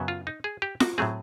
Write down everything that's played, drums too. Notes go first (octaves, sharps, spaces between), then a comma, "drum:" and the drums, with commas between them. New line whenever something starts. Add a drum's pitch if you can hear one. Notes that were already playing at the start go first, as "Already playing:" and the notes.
Already playing: F#2 C#3 F#3 B3
F4
D#4
G#4
G4
F#4, drum: snare
A2 F#3 A3 C4 G#4